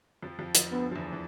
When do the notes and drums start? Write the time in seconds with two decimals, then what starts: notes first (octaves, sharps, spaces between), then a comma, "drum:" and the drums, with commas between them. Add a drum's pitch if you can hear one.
0.23 F2 F3
0.39 F2 F3
0.55 F2 F3, drum: hi-hat
0.72 D2 D3 B3
0.91 F3
0.96 E2 E3
1.13 E3